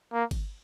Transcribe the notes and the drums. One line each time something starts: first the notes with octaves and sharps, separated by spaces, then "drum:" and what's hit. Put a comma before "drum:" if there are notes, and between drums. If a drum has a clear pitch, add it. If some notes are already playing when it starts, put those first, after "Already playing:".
A#3
drum: kick G1, cymbal